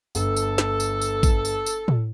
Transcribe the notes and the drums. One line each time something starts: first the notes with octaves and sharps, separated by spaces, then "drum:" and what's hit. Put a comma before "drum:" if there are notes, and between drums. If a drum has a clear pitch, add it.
G1 A4, drum: tambourine
drum: tambourine
drum: snare
drum: tambourine
drum: tambourine
drum: kick A1, tambourine
drum: tambourine
drum: tambourine
drum: tom A2